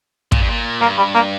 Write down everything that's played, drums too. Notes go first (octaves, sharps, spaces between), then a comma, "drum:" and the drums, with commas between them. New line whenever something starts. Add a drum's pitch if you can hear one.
A#2, drum: kick
G2
A#2
G2 A#3
G3
A#3